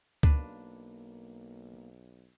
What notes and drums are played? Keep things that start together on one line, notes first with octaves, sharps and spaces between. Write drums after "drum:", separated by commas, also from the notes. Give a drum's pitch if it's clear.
B1 A#3 D4 B4, drum: kick C#2